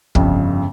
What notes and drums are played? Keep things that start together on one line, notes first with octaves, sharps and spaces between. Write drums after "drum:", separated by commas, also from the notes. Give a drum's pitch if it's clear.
G1 F2 C#3, drum: kick